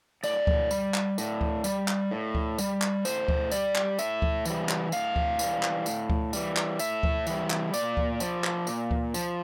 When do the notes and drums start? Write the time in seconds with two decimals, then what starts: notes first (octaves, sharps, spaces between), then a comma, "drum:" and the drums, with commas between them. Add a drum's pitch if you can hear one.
0.24 A2 D5, drum: tambourine
0.47 drum: kick D2
0.71 G3, drum: tambourine
0.94 drum: clap
1.18 A2, drum: tambourine
1.41 drum: kick D2
1.64 G3, drum: tambourine
1.88 drum: clap
2.11 A2
2.35 drum: kick D2
2.58 G3, drum: tambourine
2.82 drum: clap
3.05 A2 C5, drum: tambourine
3.28 drum: kick D2
3.51 G3 D5, drum: tambourine
3.75 drum: clap
3.99 A2 E5, drum: tambourine
4.22 drum: kick D2
4.45 E3 G3, drum: tambourine
4.69 drum: clap
4.92 A2 F5, drum: tambourine
5.16 drum: kick D2
5.39 E3 G3, drum: tambourine
5.63 drum: clap
5.86 A2, drum: tambourine
6.10 drum: kick D2
6.33 E3 G3, drum: tambourine
6.56 drum: clap
6.79 A2 E5, drum: tambourine
7.03 drum: kick D2
7.27 E3 G3, drum: tambourine
7.50 drum: clap
7.74 A#2 D5, drum: tambourine
7.97 drum: kick D2
8.20 F3, drum: tambourine
8.44 drum: clap
8.67 A#2, drum: tambourine
8.91 drum: kick D2
9.14 F3, drum: tambourine